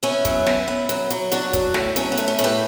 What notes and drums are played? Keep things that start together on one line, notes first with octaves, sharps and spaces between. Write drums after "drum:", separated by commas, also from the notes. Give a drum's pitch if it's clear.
B3 C#4 E4
F#3, drum: kick, hi-hat
B3, drum: snare
B3
F#3, drum: hi-hat
F#3, drum: hi-hat
F#3 D4 F#4, drum: hi-hat
F#3, drum: kick, hi-hat
A2, drum: snare
F#3 C#4, drum: hi-hat
B3
A3, drum: hi-hat
C#4
A2, drum: hi-hat
G4 B4